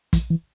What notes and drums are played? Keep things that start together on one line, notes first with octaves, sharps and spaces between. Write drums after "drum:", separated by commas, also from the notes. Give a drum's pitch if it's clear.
E3, drum: kick, hi-hat
E3